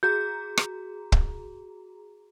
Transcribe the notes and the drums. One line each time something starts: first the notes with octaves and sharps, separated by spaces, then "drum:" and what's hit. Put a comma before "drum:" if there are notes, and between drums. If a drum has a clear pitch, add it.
F#4 G#4 A#5 G6
drum: rim click
drum: kick